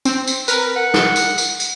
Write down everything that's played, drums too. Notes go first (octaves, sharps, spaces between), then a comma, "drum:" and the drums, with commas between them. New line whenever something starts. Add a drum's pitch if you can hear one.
C4, drum: tambourine
drum: tambourine
A#4 B4, drum: tambourine
F#5
drum: snare
drum: tambourine
drum: tambourine
drum: tambourine